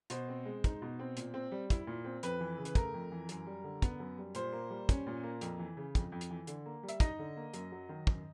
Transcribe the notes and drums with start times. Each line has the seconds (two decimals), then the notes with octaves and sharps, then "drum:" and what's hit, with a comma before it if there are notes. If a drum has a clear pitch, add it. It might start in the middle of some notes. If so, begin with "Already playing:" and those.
0.10 B2 C5, drum: hi-hat
0.28 C4
0.45 G#3
0.64 D#4, drum: kick, hi-hat
0.82 B2
0.99 C4
1.17 A#2, drum: hi-hat
1.34 C4
1.52 G3
1.70 E4, drum: kick, hi-hat
1.87 A#2
2.05 C4
2.23 F2 B4, drum: hi-hat
2.40 E3
2.58 C#3
2.65 B4, drum: hi-hat
2.75 A3 A#4, drum: kick, hi-hat
2.94 F2
3.12 E3
3.29 F#2, drum: hi-hat
3.46 G3
3.64 D3
3.82 B3, drum: kick, hi-hat
4.00 F#2
4.18 G3
4.35 A#2 C5, drum: hi-hat
4.52 A#3
4.70 G3
4.89 C#4, drum: kick, hi-hat
5.07 A#2
5.23 A#3
5.41 F2, drum: hi-hat
5.59 E3
5.77 C#3
5.95 F2, drum: kick, hi-hat
6.12 F2
6.21 drum: hi-hat
6.30 E3
6.47 D3, drum: hi-hat
6.66 A#3
6.83 G3
6.89 E5, drum: hi-hat
7.00 D#4 D#5, drum: kick, hi-hat
7.19 D3
7.36 A#3
7.54 F#2, drum: hi-hat
7.72 F#3
7.89 D#3
8.07 F#2, drum: kick